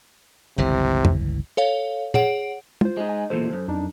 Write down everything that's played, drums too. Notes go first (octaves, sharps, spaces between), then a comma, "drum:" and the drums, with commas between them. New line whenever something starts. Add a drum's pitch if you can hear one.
G1 C#2 C3 E3
drum: tom
A4 C#5 F5
G#4 C#5 F#5 D7, drum: tom
F4 C5, drum: tom
G#3 D#4
G#5
B1 E2 A#2 A4 C5
C#2 F#2
F2 D4 D#4